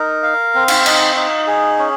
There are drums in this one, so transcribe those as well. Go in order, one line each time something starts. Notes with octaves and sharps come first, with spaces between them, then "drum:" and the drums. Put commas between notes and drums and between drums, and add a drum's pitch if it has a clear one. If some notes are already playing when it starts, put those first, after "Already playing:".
Already playing: D#4 A#4
F5
C4
drum: cymbal
D#4, drum: cymbal
D#4
G#4
C#4